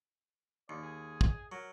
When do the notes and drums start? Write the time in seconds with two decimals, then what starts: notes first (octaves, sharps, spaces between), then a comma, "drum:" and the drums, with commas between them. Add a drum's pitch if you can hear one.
0.69 D#2 D5
0.82 G#4
1.21 drum: kick
1.52 F#3 A#4